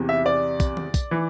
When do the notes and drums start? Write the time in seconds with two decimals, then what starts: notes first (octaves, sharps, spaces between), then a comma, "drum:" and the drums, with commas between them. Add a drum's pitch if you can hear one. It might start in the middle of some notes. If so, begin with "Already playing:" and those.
Already playing: E2 C3 E3
0.09 E5
0.26 D5
0.60 drum: kick, tambourine
0.77 drum: tom D#3
0.94 drum: kick, tambourine
1.11 E3